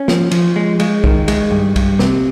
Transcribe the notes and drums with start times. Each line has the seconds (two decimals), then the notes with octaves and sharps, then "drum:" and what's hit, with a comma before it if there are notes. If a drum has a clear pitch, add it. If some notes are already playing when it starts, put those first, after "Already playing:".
Already playing: C#4
0.08 F3, drum: snare
0.31 F3, drum: cymbal
0.56 G#3
0.80 G#3, drum: cymbal
1.04 D#3, drum: kick
1.28 G#3, drum: cymbal
1.51 G2
1.76 G2, drum: kick, cymbal
1.99 C3, drum: snare